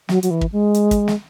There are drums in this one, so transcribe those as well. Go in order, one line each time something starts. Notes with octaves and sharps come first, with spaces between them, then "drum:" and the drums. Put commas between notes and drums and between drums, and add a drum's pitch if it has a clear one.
F#3, drum: snare
F#3, drum: hi-hat
E3
drum: kick
G#3
drum: hi-hat
drum: kick, hi-hat
drum: snare